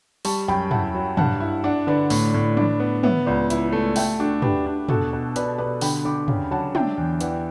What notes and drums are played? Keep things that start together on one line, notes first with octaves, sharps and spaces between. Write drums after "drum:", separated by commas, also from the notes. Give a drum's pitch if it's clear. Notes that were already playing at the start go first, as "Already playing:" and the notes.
G3 A5 C#6, drum: open hi-hat
F#2 G5 B5
E4 F#5 A5, drum: tom
F#3
G2 F#5 A5, drum: tom
E4
D4 D5 F#5
D3 B4 D5
A2, drum: open hi-hat
A2
D4, drum: tom
B3
B3 C#5 E5, drum: tom
C#2 D5 F#5
E4, drum: hi-hat
A3
A3 E5 G5, drum: open hi-hat
D4 F#4 A4
D4 G4 B4, drum: tom
D4
B2 F#4 A4, drum: tom
B2
B2 B4 D5, drum: hi-hat
B2 B4 D5
D3 G5 B5, drum: open hi-hat
D3 B5 D6
C#3, drum: tom
F#3 F#5 A5
D4 E5 G5, drum: tom
E2
E3 D5 F#5, drum: hi-hat